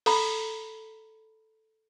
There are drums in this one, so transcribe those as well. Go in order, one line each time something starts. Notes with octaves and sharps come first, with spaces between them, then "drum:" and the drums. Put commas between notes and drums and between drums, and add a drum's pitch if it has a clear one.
A4 A#5 B5, drum: open hi-hat